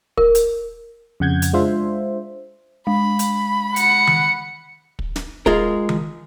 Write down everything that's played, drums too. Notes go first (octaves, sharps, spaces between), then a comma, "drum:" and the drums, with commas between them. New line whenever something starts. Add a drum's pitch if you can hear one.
A#4, drum: kick
drum: hi-hat
F2 C#3 F#5 G6 G#6
drum: hi-hat
G#3 D4 F4 C5 E5
G#3 B5
drum: hi-hat
F#5 C#7, drum: hi-hat
drum: tom D#3
drum: kick
drum: snare
G#3 F4 G#4 A#4, drum: kick
drum: tom D#3